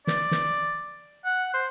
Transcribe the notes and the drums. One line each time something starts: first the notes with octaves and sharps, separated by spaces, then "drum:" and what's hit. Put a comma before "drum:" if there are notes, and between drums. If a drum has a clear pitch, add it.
D5, drum: snare
drum: snare
F#5
C5